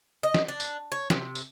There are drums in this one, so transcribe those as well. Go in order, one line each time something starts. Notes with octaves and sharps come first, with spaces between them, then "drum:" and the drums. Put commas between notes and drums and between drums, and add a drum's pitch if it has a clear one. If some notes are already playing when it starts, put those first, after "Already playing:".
D#5
drum: snare
D4
drum: tambourine
C#5
C3, drum: snare
drum: tambourine